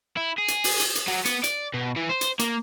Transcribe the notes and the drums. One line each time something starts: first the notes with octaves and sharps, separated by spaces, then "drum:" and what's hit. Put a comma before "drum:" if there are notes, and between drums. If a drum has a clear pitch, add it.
E4
G#4
drum: hi-hat
drum: open hi-hat
drum: hi-hat
drum: hi-hat
F#3
B3, drum: hi-hat
D5, drum: hi-hat
B2
E3
C5
drum: hi-hat
A#3, drum: hi-hat